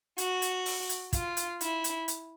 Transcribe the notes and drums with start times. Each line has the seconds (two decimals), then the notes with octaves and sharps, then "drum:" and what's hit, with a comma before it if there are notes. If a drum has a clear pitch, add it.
0.18 F#4, drum: hi-hat
0.42 drum: hi-hat
0.66 drum: open hi-hat
0.89 drum: hi-hat
1.13 F4, drum: kick, hi-hat
1.37 drum: hi-hat
1.61 E4, drum: hi-hat
1.84 drum: hi-hat
2.08 drum: hi-hat